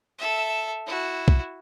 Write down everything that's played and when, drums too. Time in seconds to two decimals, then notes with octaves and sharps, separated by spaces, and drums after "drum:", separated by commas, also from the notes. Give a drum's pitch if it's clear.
0.19 A4 E5
0.87 E4 F#4
1.28 drum: kick